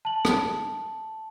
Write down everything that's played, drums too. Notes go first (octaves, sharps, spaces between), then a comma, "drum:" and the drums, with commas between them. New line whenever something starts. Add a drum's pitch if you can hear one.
A5 F#7
drum: rim click